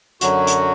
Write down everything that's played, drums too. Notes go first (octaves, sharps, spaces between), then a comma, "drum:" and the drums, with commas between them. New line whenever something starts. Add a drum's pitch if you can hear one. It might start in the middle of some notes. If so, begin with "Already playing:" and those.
F#2 D3 F#3 F#4, drum: hi-hat
drum: hi-hat